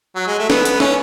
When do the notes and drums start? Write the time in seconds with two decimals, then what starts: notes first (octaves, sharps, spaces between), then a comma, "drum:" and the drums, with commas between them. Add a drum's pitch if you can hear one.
0.16 F#3
0.27 G#3
0.39 A3
0.50 B3, drum: snare
0.65 B3, drum: hi-hat
0.80 C#4, drum: snare